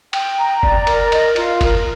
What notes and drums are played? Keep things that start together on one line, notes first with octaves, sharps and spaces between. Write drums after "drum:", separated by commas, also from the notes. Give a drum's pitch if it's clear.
G5, drum: cymbal
A#5
D5, drum: kick F#1
A#4, drum: cymbal
D#5, drum: cymbal
F4, drum: cymbal
A#4, drum: kick F#1, cymbal